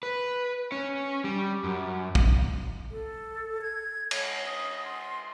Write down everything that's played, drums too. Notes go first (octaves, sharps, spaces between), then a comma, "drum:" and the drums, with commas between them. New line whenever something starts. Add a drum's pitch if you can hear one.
B4
C#4
G3
F#2
drum: kick
A4
G#6
C#5, drum: cymbal
D#6
C6